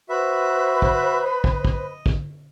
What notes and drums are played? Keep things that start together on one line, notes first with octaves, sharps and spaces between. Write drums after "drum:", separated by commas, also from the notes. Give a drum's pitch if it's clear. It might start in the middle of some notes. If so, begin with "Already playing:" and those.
F#4 B4 C5 E5 B5
drum: kick
D#5
drum: kick
drum: kick
drum: kick